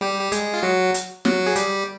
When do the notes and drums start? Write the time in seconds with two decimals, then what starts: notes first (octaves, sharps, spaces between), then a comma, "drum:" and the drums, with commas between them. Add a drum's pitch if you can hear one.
0.01 G3 G4
0.20 G4
0.32 G#3 G#4, drum: hi-hat
0.54 F4
0.63 F#3 F#4
0.94 drum: hi-hat
1.25 F#3 F#4, drum: snare
1.46 G#4
1.56 G3 G4, drum: hi-hat